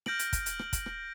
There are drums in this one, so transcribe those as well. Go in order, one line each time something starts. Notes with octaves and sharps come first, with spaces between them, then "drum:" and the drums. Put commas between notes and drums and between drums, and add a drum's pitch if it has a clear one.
F6 G6 A#6 D7 F#7, drum: rim click
drum: hi-hat
drum: kick, hi-hat
drum: hi-hat
drum: rim click
drum: kick, hi-hat
drum: rim click